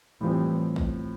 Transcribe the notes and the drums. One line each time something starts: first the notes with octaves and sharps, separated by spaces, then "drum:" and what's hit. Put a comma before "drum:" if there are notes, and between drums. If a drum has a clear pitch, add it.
A2 E3 F3 G3 C4
drum: kick A1